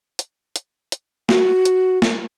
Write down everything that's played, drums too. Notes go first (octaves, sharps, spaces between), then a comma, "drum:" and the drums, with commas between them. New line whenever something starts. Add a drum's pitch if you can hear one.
drum: hi-hat
drum: hi-hat
drum: hi-hat
F#4, drum: snare
drum: hi-hat
drum: snare